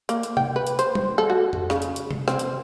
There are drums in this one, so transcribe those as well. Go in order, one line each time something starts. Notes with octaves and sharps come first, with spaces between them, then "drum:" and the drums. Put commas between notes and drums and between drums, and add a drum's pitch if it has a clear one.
A#3, drum: hi-hat
drum: hi-hat
G5, drum: tom C3
B4
drum: hi-hat
C5, drum: hi-hat
drum: tom G3
A4
F#4
drum: tom F2
C#3, drum: rim click
drum: hi-hat
drum: hi-hat
drum: tom C3
C4, drum: rim click
drum: hi-hat